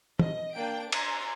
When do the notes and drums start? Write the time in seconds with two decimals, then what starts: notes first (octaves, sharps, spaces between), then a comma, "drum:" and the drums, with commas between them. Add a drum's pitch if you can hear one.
0.19 D#5, drum: tom E3
0.54 A#3 D4 G5 D7
0.92 D5 G#5 A#5 C6, drum: cymbal